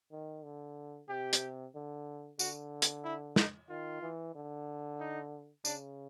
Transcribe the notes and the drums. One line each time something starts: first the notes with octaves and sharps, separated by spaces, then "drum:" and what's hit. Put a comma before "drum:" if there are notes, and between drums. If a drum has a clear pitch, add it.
D#3
D3
C3 G4
drum: hi-hat
D3
D3 F#4, drum: tambourine
drum: hi-hat
E4
D#4, drum: snare
D#3 F4
E3
D3
D#4
C#3 D4, drum: tambourine